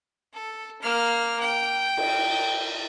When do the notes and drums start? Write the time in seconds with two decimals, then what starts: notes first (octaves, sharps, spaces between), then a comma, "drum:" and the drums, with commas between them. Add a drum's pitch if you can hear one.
0.33 A4
0.82 A#3 F6
1.40 G5
1.97 drum: cymbal